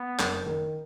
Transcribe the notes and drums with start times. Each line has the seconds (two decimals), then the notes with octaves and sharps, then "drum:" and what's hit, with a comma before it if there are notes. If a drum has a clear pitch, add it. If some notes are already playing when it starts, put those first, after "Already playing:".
Already playing: B3
0.20 F#1, drum: clap
0.46 D#3